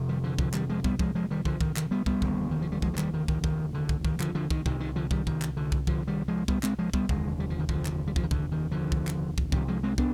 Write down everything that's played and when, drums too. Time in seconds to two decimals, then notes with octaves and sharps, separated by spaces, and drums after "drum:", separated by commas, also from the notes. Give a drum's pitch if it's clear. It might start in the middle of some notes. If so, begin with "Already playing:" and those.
Already playing: F1 F2 C3
0.09 D#3 G3
0.24 D3 F3
0.39 D3 F3, drum: kick
0.54 D#3 G3, drum: clap
0.69 F3 G#3
0.84 G3 B3, drum: kick
0.99 F3 G#3, drum: kick
1.15 F3 G#3
1.31 D#3 G3
1.45 D3 F3, drum: kick
1.61 D#3, drum: kick
1.76 D#3, drum: clap
1.91 G3 B3
2.06 G3 B3, drum: kick
2.22 F1 D#2 D3, drum: kick
2.51 D#3
2.62 F3
2.72 G3
2.82 F3 G#3, drum: kick
2.94 F3
2.98 D#3 G3, drum: clap
3.14 D#3
3.28 D#3, drum: kick
3.44 D#3, drum: kick
3.74 D3
3.89 drum: kick
4.05 D#3, drum: kick
4.20 D3 F3, drum: clap
4.35 D3 F3
4.50 D#3, drum: kick
4.66 C2 C3 D#3, drum: kick
4.80 D#3
4.96 D3 F3
5.11 D#3 G3, drum: kick
5.27 D#3, drum: kick
5.42 drum: clap
5.57 D3
5.72 drum: kick
5.87 D3 F3, drum: kick
6.08 D#3 G3
6.28 F3 G#3
6.48 G3 B3, drum: kick
6.63 G#3 C4, drum: clap
6.78 F3 G#3
6.93 G3 B3, drum: kick
7.09 F1 D#2 D3 G#3, drum: kick
7.40 G3
7.50 F3
7.59 D#3
7.69 D3 F3, drum: kick
7.85 drum: clap
8.07 G3
8.16 F3, drum: kick
8.23 D#3
8.31 D3, drum: kick
8.52 D#3
8.71 D3 F3
8.92 drum: kick
9.07 drum: clap
9.38 drum: kick
9.52 C2 C3 D#3 G3, drum: kick
9.68 F3 G#3
9.83 G#3 C4
9.98 B3 D4, drum: kick